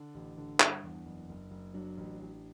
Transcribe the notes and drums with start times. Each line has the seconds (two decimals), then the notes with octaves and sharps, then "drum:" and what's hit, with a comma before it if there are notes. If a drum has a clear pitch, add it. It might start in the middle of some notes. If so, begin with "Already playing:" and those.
Already playing: D3 D4
0.14 A1
0.37 D3
0.60 G2, drum: clap
0.83 E2
1.05 F#1
1.29 F#1
1.51 F#1
1.74 F#3 D4
1.97 A1
2.20 A1